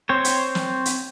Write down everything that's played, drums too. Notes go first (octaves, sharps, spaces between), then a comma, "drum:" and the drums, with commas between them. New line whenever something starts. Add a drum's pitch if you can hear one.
C4 C5 C#5
drum: hi-hat
drum: snare
drum: hi-hat